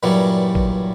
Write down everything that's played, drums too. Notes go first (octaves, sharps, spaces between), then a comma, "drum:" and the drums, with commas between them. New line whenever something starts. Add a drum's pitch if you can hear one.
G2 A#2 E3 F#3 G3
drum: kick